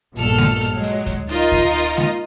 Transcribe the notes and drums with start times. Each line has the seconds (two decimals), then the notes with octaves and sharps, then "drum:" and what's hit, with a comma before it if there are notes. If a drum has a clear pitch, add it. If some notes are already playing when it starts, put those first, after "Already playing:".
0.15 A#1 G2 B2 A#3 A4 F6
0.38 drum: snare G#3
0.61 drum: hi-hat
0.70 F#3 G#3
0.84 drum: hi-hat
1.06 drum: kick D2, hi-hat
1.29 D#4 F4 A#4 D#5, drum: hi-hat
1.52 drum: kick D2, hi-hat
1.74 drum: hi-hat
1.97 drum: snare G#3